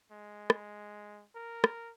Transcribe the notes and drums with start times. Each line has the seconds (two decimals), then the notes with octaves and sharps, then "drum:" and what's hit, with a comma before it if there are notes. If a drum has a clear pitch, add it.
0.11 G#3
0.50 drum: rim click
1.35 A#4
1.64 drum: rim click